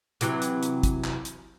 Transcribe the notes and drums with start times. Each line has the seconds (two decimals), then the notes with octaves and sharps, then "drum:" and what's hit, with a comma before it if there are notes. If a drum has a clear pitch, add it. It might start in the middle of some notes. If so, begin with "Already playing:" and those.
0.21 C3 E3 F#3, drum: hi-hat
0.42 drum: hi-hat
0.63 drum: hi-hat
0.83 drum: kick, hi-hat
1.04 drum: clap
1.25 drum: hi-hat